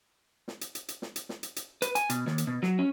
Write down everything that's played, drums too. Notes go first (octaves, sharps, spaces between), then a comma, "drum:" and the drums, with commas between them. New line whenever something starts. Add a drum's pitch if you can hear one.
drum: snare
drum: hi-hat
drum: hi-hat
drum: hi-hat
drum: snare
drum: hi-hat
drum: snare
drum: hi-hat
drum: hi-hat
B4, drum: hi-hat
G#5, drum: hi-hat
B2, drum: hi-hat
D#2, drum: snare
drum: hi-hat
B2
F#3, drum: snare
C#4